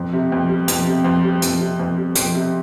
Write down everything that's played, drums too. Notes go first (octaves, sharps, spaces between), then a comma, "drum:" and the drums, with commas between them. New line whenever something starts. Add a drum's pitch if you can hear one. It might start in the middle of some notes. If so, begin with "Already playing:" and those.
Already playing: F2
C3
F2
G3
F2, drum: hi-hat
C3
F2
G3
F2, drum: hi-hat
C3
F2
G3
F2, drum: hi-hat
C3